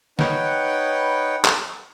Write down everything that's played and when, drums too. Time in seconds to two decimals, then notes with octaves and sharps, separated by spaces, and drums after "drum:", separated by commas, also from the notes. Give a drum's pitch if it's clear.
0.19 D#4 B4 C#5 F#5 G5, drum: snare
1.45 drum: clap